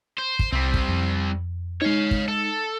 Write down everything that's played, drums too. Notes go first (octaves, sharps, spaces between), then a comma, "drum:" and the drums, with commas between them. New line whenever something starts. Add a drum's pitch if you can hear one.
C5
drum: kick
C2 G3 C4 B6
drum: kick
F2
G#3 D#4 C#5 F5
drum: kick
A4